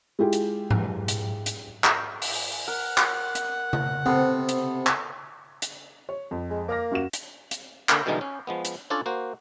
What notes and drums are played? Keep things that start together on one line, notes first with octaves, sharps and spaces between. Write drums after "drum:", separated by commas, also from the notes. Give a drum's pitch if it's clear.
G#3 E4 F4 G4 G#4
drum: hi-hat
drum: tom G#2
drum: hi-hat
drum: hi-hat
drum: clap
drum: open hi-hat
A#4 F#5
drum: clap
drum: hi-hat
drum: tom C#3
C3 B3 C4 A4 C6
drum: hi-hat
drum: clap
drum: hi-hat
C#5
F2
G#3
A#3 D6 F6 A#6
F#2 F#4 E7
drum: hi-hat
drum: hi-hat
D3 A#3, drum: clap
B2 D3 E3 G3 G#3 D#4
C#4
F3 G#3 B3
drum: hi-hat
C#4 D4 F4 A4 C#5 D5
A#3 F#4 C5